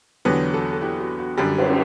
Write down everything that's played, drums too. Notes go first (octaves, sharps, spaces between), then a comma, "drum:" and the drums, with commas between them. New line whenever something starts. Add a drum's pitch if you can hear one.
E2 D3 F#3 B3 G4 B4
F#4 A4
A4
E4 G4
F#4
F#4
F#2 D3 G3 G4
F#4
E4, drum: cymbal
F#4